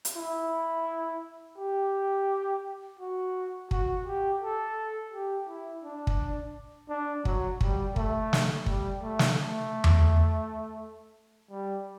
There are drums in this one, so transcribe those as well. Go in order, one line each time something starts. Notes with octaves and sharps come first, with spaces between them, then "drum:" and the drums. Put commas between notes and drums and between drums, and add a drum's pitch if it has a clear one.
drum: hi-hat
E4
G4
F#4
F#4, drum: kick
G4
A4
G4
E4
D4
drum: kick
D4
F#3, drum: kick
G3, drum: kick
A3, drum: kick
drum: snare
G3, drum: kick
A3
drum: snare
A3
drum: tom E2
G3